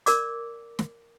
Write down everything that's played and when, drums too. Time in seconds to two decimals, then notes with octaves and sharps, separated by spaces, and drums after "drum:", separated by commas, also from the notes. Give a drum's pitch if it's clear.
0.06 A#4 D5 D6, drum: hi-hat
0.79 drum: snare